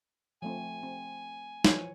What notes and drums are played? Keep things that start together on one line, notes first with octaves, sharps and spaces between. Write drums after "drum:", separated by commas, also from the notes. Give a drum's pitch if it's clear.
F3 A3 C4 G#5
C4
E3 F3 C#5, drum: snare